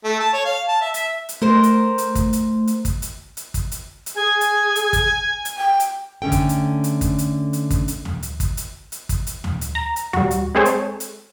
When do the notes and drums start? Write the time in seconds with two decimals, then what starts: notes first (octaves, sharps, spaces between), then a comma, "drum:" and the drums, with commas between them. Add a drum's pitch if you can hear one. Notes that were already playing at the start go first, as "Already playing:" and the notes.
0.04 A3
0.20 A5
0.33 C#5
0.45 F5
0.68 A5
0.81 E5
0.94 E5, drum: hi-hat
1.29 drum: hi-hat
1.42 A3 A#4 C5
1.63 drum: hi-hat
1.98 drum: hi-hat
2.15 drum: kick, hi-hat
2.33 drum: hi-hat
2.67 drum: hi-hat
2.85 drum: kick, hi-hat
3.02 drum: hi-hat
3.37 drum: hi-hat
3.54 drum: kick, hi-hat
3.72 drum: hi-hat
4.06 drum: hi-hat
4.15 G#4 G#5
4.41 drum: hi-hat
4.76 drum: hi-hat
4.93 drum: kick, hi-hat
5.45 drum: hi-hat
5.58 G5
5.80 drum: hi-hat
6.22 D3 A3 C#4 A4 G5
6.32 drum: kick, hi-hat
6.49 drum: hi-hat
6.84 drum: hi-hat
7.01 drum: kick, hi-hat
7.18 drum: hi-hat
7.53 drum: hi-hat
7.70 drum: kick, hi-hat
7.88 drum: hi-hat
8.05 drum: tom
8.23 drum: hi-hat
8.40 drum: kick, hi-hat
8.57 drum: hi-hat
8.92 drum: hi-hat
9.09 drum: kick, hi-hat
9.27 drum: hi-hat
9.44 drum: tom
9.61 drum: hi-hat
9.75 A#5
9.96 drum: hi-hat
10.13 G3 F#4, drum: tom
10.31 drum: hi-hat
10.55 G#3 C4 G#4 A4 C5 C#5
10.65 drum: hi-hat
11.00 drum: hi-hat